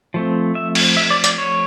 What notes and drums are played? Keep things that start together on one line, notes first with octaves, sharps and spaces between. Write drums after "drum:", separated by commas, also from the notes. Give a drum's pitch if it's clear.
F3 A3 C4
E5
drum: cymbal
E5
D5
D5, drum: hi-hat
C#5